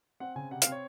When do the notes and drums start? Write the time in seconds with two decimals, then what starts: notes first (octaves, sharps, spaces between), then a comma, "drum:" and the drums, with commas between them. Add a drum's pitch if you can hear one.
0.20 C4 F#5
0.35 C#3 G#5
0.51 C3 F#5
0.62 F5, drum: hi-hat
0.67 C4
0.72 C#5